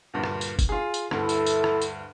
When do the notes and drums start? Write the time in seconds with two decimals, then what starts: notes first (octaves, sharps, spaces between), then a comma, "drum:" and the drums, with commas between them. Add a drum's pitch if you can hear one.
0.14 D2 G2 A#2
0.24 drum: rim click
0.41 drum: tambourine
0.59 drum: kick F#1, tambourine
0.69 F4 G#4
0.94 drum: tambourine
1.11 D2 G2 E4 A4, drum: rim click
1.29 drum: tambourine
1.46 drum: tambourine
1.64 drum: rim click
1.82 drum: tambourine